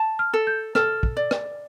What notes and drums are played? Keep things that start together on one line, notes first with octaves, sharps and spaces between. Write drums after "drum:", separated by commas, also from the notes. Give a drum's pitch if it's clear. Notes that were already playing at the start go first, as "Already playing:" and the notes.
Already playing: A5
F6
A4
G6
A4 F6, drum: rim click
drum: kick
D5
drum: rim click